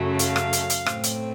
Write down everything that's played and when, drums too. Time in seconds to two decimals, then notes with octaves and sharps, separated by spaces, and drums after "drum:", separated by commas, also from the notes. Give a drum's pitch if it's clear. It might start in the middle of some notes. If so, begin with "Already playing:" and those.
Already playing: F#2 C#3 F#3 A3
0.19 F5, drum: hi-hat
0.36 drum: rim click
0.53 drum: hi-hat
0.70 drum: hi-hat
0.86 A2 A3 C4, drum: rim click
1.03 drum: hi-hat